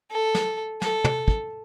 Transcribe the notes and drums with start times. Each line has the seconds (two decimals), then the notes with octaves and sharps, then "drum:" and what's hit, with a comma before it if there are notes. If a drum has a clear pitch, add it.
0.11 A4
0.35 drum: snare
0.82 A4, drum: snare
1.04 drum: tom
1.28 drum: kick